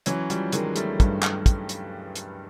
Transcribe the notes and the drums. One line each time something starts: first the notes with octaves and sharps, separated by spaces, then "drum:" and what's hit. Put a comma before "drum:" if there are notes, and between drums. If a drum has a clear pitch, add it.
E3 F#3 C#4, drum: hi-hat
F3 G3, drum: hi-hat
D#3 F#3 G#3, drum: hi-hat
G3 A3, drum: hi-hat
G2, drum: kick, hi-hat
drum: clap
drum: kick, hi-hat
drum: hi-hat
drum: hi-hat